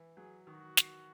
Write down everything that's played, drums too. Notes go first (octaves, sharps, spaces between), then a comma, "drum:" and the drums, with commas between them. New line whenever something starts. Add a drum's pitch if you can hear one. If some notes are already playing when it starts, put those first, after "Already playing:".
Already playing: E3
F#3 G#4
D#3 F#4
drum: snare